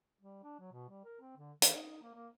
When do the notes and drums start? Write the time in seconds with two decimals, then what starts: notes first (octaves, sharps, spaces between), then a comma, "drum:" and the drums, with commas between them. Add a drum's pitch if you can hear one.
0.21 G3
0.43 D4
0.59 F#3
0.72 B2
0.89 G3
1.04 A#4
1.21 C4
1.37 D3
1.62 E3, drum: hi-hat
1.75 D#4
2.03 A#3
2.14 A#3